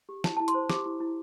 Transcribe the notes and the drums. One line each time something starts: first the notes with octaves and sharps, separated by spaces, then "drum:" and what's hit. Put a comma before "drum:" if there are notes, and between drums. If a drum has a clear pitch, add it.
G4
E4 A5, drum: snare
E4 A5
C6, drum: hi-hat
C5
G4 D6, drum: snare
E4
E4